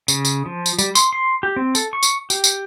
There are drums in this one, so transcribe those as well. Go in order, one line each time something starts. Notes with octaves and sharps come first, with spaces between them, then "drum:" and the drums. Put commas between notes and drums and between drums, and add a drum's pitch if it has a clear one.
C#3, drum: tambourine
drum: tambourine
F3
drum: tambourine
G3, drum: tambourine
C6, drum: tambourine
C6
G4
C4
A4, drum: tambourine
C#6
drum: tambourine
G4, drum: tambourine
drum: tambourine